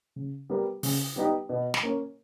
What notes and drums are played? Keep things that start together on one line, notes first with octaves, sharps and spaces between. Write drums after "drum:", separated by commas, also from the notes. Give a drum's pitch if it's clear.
C#3
G3 B3 G4 A#4
C#3, drum: open hi-hat
G3 B3 D#4 G4
B2
drum: snare
A#3 C#4